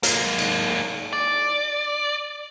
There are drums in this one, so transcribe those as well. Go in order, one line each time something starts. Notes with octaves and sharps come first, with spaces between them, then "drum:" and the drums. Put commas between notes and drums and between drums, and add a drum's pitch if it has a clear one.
G#3 A#3, drum: hi-hat
drum: cymbal
D5